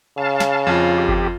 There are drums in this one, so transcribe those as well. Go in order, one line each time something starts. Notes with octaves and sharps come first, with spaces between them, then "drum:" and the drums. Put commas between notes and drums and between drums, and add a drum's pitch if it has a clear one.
C#3 F5 A5
drum: snare
F2 F4
G4
drum: kick G1